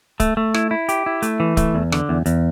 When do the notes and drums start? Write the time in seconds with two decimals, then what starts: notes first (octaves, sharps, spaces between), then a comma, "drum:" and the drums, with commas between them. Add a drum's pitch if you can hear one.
0.20 A3, drum: kick C#1, hi-hat
0.37 A3
0.54 E4, drum: rim click
0.71 E4
0.89 G4, drum: hi-hat
1.06 E4
1.22 A3, drum: hi-hat
1.40 E3
1.57 A3, drum: kick C#1, hi-hat
1.75 E2
1.92 D3, drum: rim click
2.09 E2
2.26 E2, drum: hi-hat